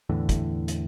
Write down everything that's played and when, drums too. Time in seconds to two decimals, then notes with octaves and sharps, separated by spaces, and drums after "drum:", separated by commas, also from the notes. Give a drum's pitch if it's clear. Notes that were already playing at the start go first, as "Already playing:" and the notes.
0.10 E2 A2 D3 E3
0.29 drum: kick, hi-hat
0.68 drum: hi-hat